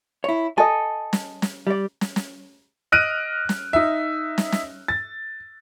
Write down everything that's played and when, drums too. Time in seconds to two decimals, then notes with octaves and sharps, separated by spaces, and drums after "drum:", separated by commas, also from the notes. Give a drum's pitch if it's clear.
0.24 E4 C#5
0.58 A4 D#5 G#5
1.13 drum: snare
1.42 drum: snare
1.67 G3 D5
2.01 drum: snare
2.16 drum: snare
2.92 D#5 F6 F#6 D7 D#7
3.49 drum: snare
3.73 D#4 E5
4.38 drum: snare
4.52 drum: snare
4.88 A6